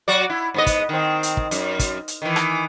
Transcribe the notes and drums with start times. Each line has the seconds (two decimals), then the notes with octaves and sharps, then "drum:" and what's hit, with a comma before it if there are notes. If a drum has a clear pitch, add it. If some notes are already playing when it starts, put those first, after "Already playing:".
0.08 F#3 F#4 D5
0.30 E4
0.54 G#2 B3 D#5
0.67 drum: kick, hi-hat
0.89 D#3 C4
1.23 drum: hi-hat
1.37 drum: kick
1.51 F#2, drum: hi-hat
1.79 drum: kick, hi-hat
2.08 drum: hi-hat
2.22 D#3 E3
2.36 drum: rim click